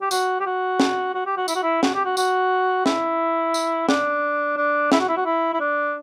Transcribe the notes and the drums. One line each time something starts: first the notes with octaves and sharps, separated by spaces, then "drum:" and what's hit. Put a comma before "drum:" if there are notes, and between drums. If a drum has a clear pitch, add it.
G4
F#4, drum: tambourine
G4
F#4
drum: snare
F#4
G4
F#4
E4, drum: tambourine
F#4
E4
F#4, drum: snare
G4
F#4
F#4, drum: tambourine
E4, drum: snare
drum: tambourine
D4, drum: snare
D4
E4, drum: snare
F#4
E4
F#4
E4
E4
D4